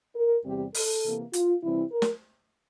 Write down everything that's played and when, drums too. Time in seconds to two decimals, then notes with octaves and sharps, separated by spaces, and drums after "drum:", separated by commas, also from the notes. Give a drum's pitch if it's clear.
0.15 A#4
0.44 E2 C3 G3 C4 G4
0.74 A4, drum: open hi-hat
1.03 C3 E3 A#3
1.33 F4, drum: hi-hat
1.62 C3 E3 G3 C4 E4
1.91 A#4
2.02 drum: snare